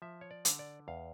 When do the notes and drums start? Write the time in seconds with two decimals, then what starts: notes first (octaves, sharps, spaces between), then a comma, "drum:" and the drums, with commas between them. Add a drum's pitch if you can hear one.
0.02 F3 E5
0.21 C#5
0.31 D5
0.45 D3, drum: hi-hat
0.59 D5
0.88 E2 F5